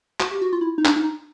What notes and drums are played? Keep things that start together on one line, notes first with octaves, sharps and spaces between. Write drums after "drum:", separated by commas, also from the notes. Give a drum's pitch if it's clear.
F#4, drum: clap
G4
F#4
F4
E4
D#4
D4, drum: clap
D#4